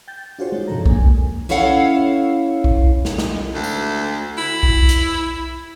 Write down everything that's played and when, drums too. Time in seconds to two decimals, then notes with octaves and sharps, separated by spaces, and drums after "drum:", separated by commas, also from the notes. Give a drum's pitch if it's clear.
0.08 G5 G6 A6
0.39 D4 F4 F#4 G#4 C5 C#5
0.52 G#3 D#4
0.67 G2 C3 F3 D4 A4 A#5
0.86 A#3 D4 G#5, drum: kick B1
1.49 C#4 E4 A4 C#5 F5 F#5
2.64 drum: kick B1
3.05 drum: snare
3.18 drum: snare
3.54 D2
3.64 drum: tambourine
4.38 E4
4.63 drum: kick B1
4.89 drum: hi-hat